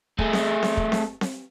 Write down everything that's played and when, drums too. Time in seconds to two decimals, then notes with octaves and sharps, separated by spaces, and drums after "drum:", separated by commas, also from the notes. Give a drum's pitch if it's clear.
0.19 A3 G#4, drum: kick
0.33 drum: snare C4
0.63 drum: snare C4
0.77 drum: kick
0.92 drum: snare C4
1.21 drum: snare C4